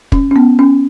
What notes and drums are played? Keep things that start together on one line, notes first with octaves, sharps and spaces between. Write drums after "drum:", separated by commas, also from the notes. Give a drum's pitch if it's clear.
C#4, drum: kick
C#4
B3
C#4